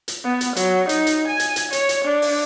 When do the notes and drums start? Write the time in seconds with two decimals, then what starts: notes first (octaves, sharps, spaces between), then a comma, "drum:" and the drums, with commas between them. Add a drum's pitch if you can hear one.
0.08 drum: hi-hat
0.25 B3
0.41 drum: hi-hat
0.56 F#3, drum: hi-hat
0.89 D#4, drum: hi-hat
1.07 drum: hi-hat
1.28 G#5
1.40 drum: hi-hat
1.56 drum: hi-hat
1.73 C#5, drum: hi-hat
1.89 drum: hi-hat
2.05 D4
2.22 drum: open hi-hat